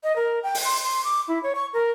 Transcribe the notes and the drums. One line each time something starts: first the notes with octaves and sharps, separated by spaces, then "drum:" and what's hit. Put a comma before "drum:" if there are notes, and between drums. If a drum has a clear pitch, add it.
D#5
A#4
G5
drum: open hi-hat
C6
C6
D6
E4
C#5
C#6
A#4